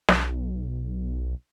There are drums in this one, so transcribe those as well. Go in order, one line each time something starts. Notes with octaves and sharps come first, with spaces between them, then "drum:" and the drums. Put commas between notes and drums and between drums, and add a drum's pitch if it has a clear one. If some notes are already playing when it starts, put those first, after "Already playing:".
B1, drum: snare